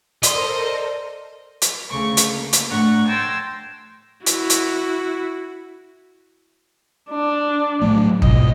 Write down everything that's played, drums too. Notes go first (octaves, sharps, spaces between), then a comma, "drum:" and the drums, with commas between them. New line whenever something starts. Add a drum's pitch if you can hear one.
A4 A#4 C5 D5 D#5 C6, drum: hi-hat
drum: hi-hat
D2 C#3 A3 C#6 D6
drum: hi-hat
A#3
drum: hi-hat
A2 A3 D4 F#5 A#5 C#6
G5 A5 C6 E6 G#6 A#6
E4 F#4, drum: hi-hat
drum: hi-hat
D4
A2 F#3 A3
G#2 B2 D#5, drum: kick